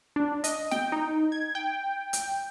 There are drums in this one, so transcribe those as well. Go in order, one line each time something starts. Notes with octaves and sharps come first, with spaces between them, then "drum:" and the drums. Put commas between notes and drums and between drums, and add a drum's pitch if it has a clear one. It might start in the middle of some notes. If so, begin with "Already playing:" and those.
D4
D#5, drum: hi-hat
G5, drum: snare
D#4
G#6
G5
drum: hi-hat